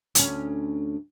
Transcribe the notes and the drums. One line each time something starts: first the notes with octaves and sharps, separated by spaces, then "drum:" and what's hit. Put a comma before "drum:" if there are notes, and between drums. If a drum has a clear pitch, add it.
D2 C#4, drum: hi-hat